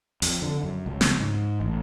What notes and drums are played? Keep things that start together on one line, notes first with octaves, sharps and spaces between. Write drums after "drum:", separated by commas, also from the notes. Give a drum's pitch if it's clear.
F2, drum: open hi-hat
D3
F#2
C#2
drum: snare
G#2
A1